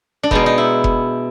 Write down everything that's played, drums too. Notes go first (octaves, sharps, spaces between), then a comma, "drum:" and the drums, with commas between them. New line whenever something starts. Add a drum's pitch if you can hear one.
D4
B2 G#3 B3 D#4, drum: kick F1
D#4
E4
drum: kick F1